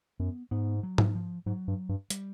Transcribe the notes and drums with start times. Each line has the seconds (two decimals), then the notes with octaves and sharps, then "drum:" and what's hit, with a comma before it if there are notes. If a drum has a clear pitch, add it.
0.20 F#2 B3
0.51 G#2 B3
0.83 F#3
0.98 drum: tom G#2
1.15 F3
1.46 G#2 F#3
1.68 G2
1.89 G2
2.10 G3, drum: hi-hat